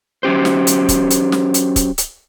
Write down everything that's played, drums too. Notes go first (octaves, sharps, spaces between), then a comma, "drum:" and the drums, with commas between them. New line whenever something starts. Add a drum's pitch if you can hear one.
F#3 C#4 G4 C5
drum: snare
drum: hi-hat
drum: kick, hi-hat
drum: hi-hat
drum: snare
drum: hi-hat
drum: kick, hi-hat
drum: hi-hat